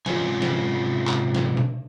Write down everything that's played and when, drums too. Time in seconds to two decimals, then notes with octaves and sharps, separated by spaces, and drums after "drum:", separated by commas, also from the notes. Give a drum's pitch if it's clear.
0.06 G#2 C3 C#4 F4 C#5 G#5, drum: snare
0.42 drum: snare
1.07 drum: clap
1.35 drum: snare
1.57 drum: tom B2